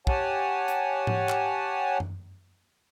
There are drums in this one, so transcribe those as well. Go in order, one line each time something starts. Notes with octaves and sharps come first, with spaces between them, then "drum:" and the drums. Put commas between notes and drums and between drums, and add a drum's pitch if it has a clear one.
G4 C#5 F#5 G#5 A5, drum: kick
drum: hi-hat
drum: tom G#2
drum: clap
drum: tom F#2